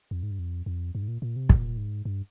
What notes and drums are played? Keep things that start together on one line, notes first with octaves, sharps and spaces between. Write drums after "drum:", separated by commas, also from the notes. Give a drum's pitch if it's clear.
F2
G#2
G2
F2
F2
G2
G#2
A#2
A#2
C3
A#2, drum: kick
G#2
G2